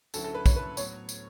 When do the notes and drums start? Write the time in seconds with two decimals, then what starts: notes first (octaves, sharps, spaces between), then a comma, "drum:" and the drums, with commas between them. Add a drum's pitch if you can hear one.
0.14 D2 D3 F#3 C#4 E4 A4, drum: tambourine
0.24 A4
0.35 B4
0.46 C#5, drum: kick, tambourine
0.56 B4
0.77 A2 F#3 B3 C#5, drum: tambourine
1.09 drum: tambourine